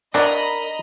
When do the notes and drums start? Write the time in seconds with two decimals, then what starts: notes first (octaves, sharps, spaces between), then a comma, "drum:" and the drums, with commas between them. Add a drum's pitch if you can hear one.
0.15 D4 A#4 D#5 A#5 B5, drum: clap